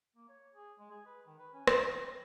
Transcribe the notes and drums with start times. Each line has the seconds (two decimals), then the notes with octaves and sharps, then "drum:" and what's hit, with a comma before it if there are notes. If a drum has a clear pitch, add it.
0.16 A#3
0.29 C#5
0.54 G#4
0.79 G#3
0.91 G#4
1.06 B4
1.26 D#3
1.39 B4
1.53 C#4
1.67 E4, drum: rim click
1.80 E3
2.04 C4